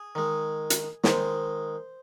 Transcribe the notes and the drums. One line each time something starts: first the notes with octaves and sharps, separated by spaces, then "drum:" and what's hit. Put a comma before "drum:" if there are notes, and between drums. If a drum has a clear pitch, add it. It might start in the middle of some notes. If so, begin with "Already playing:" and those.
Already playing: G#4
D#3 G#3
drum: hi-hat
D#3 C5, drum: snare
G#3